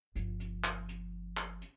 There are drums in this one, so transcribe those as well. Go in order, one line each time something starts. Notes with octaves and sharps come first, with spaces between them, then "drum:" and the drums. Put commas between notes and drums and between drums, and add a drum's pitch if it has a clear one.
G1 F3, drum: hi-hat
drum: hi-hat
drum: clap
drum: hi-hat
drum: clap
drum: hi-hat